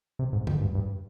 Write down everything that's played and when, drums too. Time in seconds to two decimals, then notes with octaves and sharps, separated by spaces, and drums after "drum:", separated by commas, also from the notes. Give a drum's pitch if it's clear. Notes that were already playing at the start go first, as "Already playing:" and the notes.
0.19 C3
0.33 G#2
0.47 F2, drum: tom D3
0.61 G2
0.75 G2